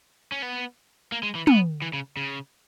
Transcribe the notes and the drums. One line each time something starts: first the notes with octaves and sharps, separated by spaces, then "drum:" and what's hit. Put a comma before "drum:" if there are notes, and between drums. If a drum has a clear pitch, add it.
C#4
B3
A#3
G#3
E3
B3, drum: tom
E3
C#3
C#3